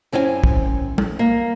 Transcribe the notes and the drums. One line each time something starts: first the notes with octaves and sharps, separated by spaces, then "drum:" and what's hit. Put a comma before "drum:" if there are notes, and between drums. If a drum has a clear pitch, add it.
F#2 C4 C#4 E4 G5 G#5
drum: kick
drum: tom
A#3